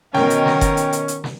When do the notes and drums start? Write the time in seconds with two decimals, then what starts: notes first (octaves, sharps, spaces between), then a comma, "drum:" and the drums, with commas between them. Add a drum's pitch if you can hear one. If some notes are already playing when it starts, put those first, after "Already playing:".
0.15 B2 D#3 C#4 A#4 G5, drum: snare
0.30 drum: hi-hat
0.46 drum: snare
0.61 drum: kick F#1, hi-hat
0.77 drum: hi-hat
0.93 drum: hi-hat
1.08 drum: hi-hat
1.24 drum: snare